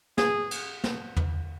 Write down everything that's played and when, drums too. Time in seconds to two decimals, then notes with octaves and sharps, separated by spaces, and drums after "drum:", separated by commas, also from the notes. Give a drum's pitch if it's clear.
0.18 G#4, drum: snare
0.51 drum: cymbal
0.84 drum: snare
1.16 drum: tom E2